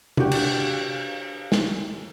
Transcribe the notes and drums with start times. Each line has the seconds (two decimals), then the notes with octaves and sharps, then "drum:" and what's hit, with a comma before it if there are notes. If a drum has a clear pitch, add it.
0.17 D4 F#4 G4, drum: tom C3
0.32 drum: cymbal
1.52 drum: snare